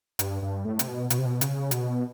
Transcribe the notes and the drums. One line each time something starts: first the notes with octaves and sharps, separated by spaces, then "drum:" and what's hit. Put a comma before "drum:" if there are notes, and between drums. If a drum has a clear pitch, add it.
G2, drum: hi-hat
G2
A2
C3, drum: hi-hat
B2
B2, drum: hi-hat
C3
B2
C#3, drum: hi-hat
B2, drum: hi-hat